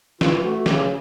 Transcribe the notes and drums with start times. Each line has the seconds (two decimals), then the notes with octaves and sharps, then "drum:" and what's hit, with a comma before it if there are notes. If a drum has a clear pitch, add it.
0.21 E3 F4, drum: snare
0.44 A3 F#4
0.66 C#3 G4, drum: snare